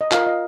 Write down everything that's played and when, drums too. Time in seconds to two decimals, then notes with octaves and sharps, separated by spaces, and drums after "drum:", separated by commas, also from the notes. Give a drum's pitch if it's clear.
0.01 D#5
0.11 F4 A#4 F5, drum: clap
0.27 D#5